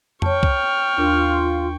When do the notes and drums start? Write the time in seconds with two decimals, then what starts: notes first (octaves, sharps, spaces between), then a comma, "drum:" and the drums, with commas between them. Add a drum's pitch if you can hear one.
0.22 C#5 G5 A5 C#6 F6, drum: tom F2
0.43 drum: kick C2
0.97 D#2 D4 F4 A#4